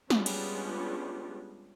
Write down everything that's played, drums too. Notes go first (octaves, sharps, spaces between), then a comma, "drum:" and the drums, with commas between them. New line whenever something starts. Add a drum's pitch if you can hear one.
G3 G#3 B3 C#4 D4 F4, drum: snare
drum: cymbal